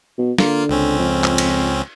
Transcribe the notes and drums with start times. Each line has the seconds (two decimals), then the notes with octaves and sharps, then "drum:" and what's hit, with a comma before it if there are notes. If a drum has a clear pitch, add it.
0.18 B2
0.38 D3 A#3 F4, drum: snare
0.69 C#2 C4 C#4
0.99 F2
1.24 drum: clap
1.38 drum: cymbal